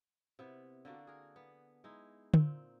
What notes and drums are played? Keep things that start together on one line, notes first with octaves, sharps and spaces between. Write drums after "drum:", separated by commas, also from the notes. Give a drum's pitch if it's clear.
C3 B3 E4
D3 A#3 D4 F#4
G#4 A#4
B3
G#3 D#4 E4
A#2 C4, drum: tom D3